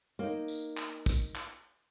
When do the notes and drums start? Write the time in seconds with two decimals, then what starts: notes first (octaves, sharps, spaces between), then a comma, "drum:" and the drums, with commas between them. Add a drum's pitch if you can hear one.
0.19 A#3 D#4
0.48 drum: tambourine
0.77 drum: clap
1.06 drum: kick, tambourine
1.35 drum: clap